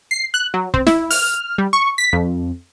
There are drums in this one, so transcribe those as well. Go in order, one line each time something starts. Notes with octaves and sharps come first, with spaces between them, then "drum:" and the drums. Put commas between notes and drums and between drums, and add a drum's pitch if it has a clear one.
C7
F#6
F#3
C4, drum: kick
E4, drum: snare
F6, drum: open hi-hat
G3
C#6
B6
F2